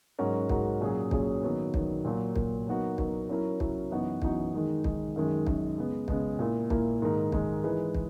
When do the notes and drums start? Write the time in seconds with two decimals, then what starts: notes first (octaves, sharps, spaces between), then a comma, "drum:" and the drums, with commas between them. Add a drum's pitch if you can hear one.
0.19 G#2 F#3 C#4 F#4 A#4
0.49 G#2 F#3 C#4 F#4 A#4, drum: kick
0.81 A#2 F#3 C#4 G#4
1.11 A#2 F#3 C#4 G#4, drum: kick
1.43 D#3 F#3 B3
1.74 D#3 F#3 B3, drum: kick
2.05 A#2 F#3 A#3
2.36 A#2 F#3 A#3, drum: kick
2.67 F#3 B3 D#4 F#4 A#4
2.98 F#3 B3 D#4 F#4 A#4, drum: kick
3.29 F#3 C#4 E4 A#4
3.60 F#3 C#4 E4 A#4, drum: kick
3.91 F#2 E3 B3 D#4 F#4
4.22 F#2 E3 B3 D#4 F#4, drum: kick
4.53 D#3 G#3 D#4
4.84 D#3 G#3 D#4, drum: kick
5.16 F#2 D#3 G#3
5.47 F#2 D#3 G#3, drum: kick
5.78 C#3 G#3 B3
6.08 C#3 G#3 B3, drum: kick
6.39 A#2 A#3 E4
6.70 A#2 A#3 E4, drum: kick
7.02 G#2 D#3 G#3 D#4 A#4
7.32 G#2 D#3 G#3 D#4 A#4, drum: kick
7.63 E3 G#3 D#4 G#4 B4
7.95 E3, drum: kick